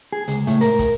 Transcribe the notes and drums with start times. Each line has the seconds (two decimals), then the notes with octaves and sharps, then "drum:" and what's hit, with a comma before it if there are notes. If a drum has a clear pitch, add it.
0.13 G#4
0.28 C#2, drum: hi-hat
0.47 A2, drum: hi-hat
0.61 A#4, drum: hi-hat
0.79 drum: kick, hi-hat